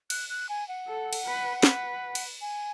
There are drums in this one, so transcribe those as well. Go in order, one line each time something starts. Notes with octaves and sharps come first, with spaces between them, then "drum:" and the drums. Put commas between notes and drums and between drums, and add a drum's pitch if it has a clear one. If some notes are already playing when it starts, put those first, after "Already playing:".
F#6, drum: cymbal
F#6
G#5
F#5
A4
drum: cymbal
B4
B4, drum: snare
drum: cymbal
G#5